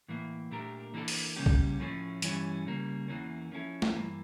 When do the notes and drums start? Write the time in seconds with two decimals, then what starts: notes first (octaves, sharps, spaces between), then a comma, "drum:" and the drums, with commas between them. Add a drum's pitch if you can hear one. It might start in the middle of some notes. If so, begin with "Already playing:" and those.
0.08 A2 E3 A#3
0.51 A#2 A3 D4 G4 A#4
0.94 E3 A#3 D4 A4
1.08 drum: open hi-hat
1.36 C#3 G3 A#3 C#4 G4
1.46 drum: kick
1.80 A2 F3 A3 C#4
2.22 G2 E3 G3 C#4, drum: hi-hat
2.66 C#3 G3 A#3
3.08 E2 E3 A#3 C#4
3.51 F3 C#4 E4 A4
3.82 drum: snare A3
3.95 G2 E3 A#3